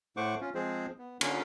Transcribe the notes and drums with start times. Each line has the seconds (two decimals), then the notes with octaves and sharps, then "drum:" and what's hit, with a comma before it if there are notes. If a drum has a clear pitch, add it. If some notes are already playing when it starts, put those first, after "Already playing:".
0.17 A2 A3 C5 F#5 C#6 D6
0.41 C#4 F4
0.55 F3 G#3 C4 G#4 C5
0.99 B3
1.21 D3 A#3 C#4, drum: cymbal